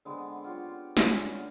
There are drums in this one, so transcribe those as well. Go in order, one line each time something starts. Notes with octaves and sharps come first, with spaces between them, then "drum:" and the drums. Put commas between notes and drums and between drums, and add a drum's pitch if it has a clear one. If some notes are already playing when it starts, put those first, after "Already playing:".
D3 G#3 B3 C4
F4 G4 C#5
E3 C#4 F4 C#5, drum: snare
D3